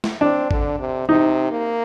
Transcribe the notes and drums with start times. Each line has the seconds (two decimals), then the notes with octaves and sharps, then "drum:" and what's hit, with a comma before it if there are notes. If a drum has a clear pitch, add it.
0.04 drum: snare
0.21 C4 D4
0.51 D3, drum: kick
0.79 C3
1.09 C3 D#4
1.51 A#3